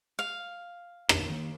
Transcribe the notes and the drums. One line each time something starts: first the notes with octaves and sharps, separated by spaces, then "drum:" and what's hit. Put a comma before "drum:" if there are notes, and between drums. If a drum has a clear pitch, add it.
F5
A#1 D#2 D4, drum: rim click
D#3 A#3